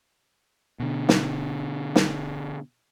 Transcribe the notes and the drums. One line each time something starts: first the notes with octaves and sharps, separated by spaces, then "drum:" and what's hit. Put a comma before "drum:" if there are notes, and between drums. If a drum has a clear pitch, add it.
B2 D3
drum: snare
drum: snare